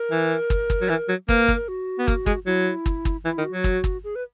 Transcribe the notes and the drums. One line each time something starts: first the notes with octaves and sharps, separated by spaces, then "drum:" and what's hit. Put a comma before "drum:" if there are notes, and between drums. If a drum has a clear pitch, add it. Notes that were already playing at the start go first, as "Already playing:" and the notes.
Already playing: A#4
E3
drum: kick
drum: kick
F#3
E3
F#3
A#3 B4, drum: kick
A#4, drum: kick
F#4
B3
A#3, drum: kick
G#3, drum: kick
F#3 E4
drum: kick
drum: kick
E3 E4
D#3
F#4
F#3
drum: kick
drum: kick
G#4
B4